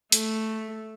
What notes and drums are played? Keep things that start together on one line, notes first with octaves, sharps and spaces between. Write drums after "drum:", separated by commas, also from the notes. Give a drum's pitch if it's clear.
A3, drum: hi-hat